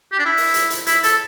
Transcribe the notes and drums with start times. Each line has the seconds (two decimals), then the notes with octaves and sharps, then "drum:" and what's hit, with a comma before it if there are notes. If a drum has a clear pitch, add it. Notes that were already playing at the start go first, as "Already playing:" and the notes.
0.12 G4
0.19 D4
0.25 E4
0.37 drum: open hi-hat
0.54 drum: hi-hat
0.70 drum: hi-hat
0.87 E4, drum: hi-hat
1.03 A4, drum: hi-hat